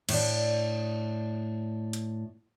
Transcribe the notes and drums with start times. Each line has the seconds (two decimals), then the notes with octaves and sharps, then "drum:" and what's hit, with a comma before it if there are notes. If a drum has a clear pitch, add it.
0.09 A2 D4, drum: cymbal
1.93 drum: hi-hat